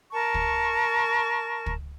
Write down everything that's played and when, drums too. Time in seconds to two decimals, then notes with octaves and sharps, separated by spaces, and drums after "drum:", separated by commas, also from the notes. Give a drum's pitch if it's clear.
0.12 A#4 A5 C#6
0.34 drum: kick
1.66 drum: kick